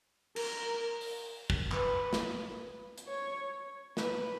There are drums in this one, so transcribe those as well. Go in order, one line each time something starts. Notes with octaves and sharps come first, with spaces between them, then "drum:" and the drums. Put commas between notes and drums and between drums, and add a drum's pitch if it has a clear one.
A#4, drum: cymbal
drum: open hi-hat
drum: kick
B4, drum: clap
drum: snare
drum: hi-hat
C#5
B4, drum: snare